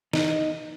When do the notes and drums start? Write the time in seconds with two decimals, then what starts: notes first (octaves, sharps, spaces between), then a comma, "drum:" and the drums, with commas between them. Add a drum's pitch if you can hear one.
0.13 D#4, drum: snare